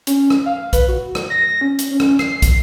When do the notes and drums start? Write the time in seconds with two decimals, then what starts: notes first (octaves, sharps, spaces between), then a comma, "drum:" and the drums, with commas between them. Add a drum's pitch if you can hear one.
0.07 C#4, drum: hi-hat
0.30 drum: rim click
0.46 F5
0.73 B4, drum: kick, hi-hat
0.88 F#4
1.15 drum: rim click
1.30 A#6
1.61 C#4
1.79 drum: hi-hat
1.91 C#4
2.00 drum: rim click
2.19 C7, drum: rim click
2.42 drum: kick, hi-hat